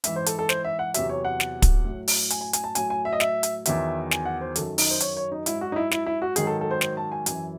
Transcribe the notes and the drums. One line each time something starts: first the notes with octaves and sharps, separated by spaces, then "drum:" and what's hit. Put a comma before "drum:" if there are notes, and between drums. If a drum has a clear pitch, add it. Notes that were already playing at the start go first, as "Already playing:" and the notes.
G#2 E3 E5, drum: hi-hat
C5
A4, drum: hi-hat
A4
C5, drum: snare
E5
F#5
E2 C3 F#3 E5, drum: hi-hat
C#5
F#5
drum: snare
drum: kick, hi-hat
A2 F#3
drum: open hi-hat
G#5, drum: hi-hat
G#5
G#5, drum: hi-hat
A5
A2 F#3 G#5, drum: hi-hat
G#5
E5
D#5
E5, drum: snare
drum: hi-hat
E2 D#3 F#3 E5, drum: hi-hat
G#5, drum: snare
F#5
C5
F#2 D#3 F#3 A4, drum: hi-hat
D#4, drum: open hi-hat
C5
C#5, drum: hi-hat
C#5
D#4
G#2 F#3 E4, drum: hi-hat
F#4
D#4
E4
E4, drum: snare
E4
F#4
G#2 D#3 F#3 G#4, drum: hi-hat
A4
A4
C5
C5, drum: snare
A5
G#5
F#2 E3 G#5, drum: hi-hat